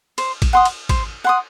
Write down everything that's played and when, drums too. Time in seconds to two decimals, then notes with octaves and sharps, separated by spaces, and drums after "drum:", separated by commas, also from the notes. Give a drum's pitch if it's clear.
0.18 C5, drum: cymbal
0.42 drum: kick, cymbal
0.53 F#5 C6 D#6
0.65 drum: cymbal
0.89 C5, drum: kick, cymbal
1.24 F#5 C6 D#6